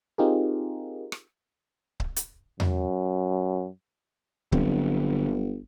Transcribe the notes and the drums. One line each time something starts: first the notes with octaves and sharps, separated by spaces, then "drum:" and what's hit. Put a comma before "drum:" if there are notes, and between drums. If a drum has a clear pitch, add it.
C4 D#4 F4 G4 G#4 A#4
drum: rim click
drum: kick C#1
drum: hi-hat
F#2, drum: tom E2
G1 D3 F#3 C4, drum: kick C#1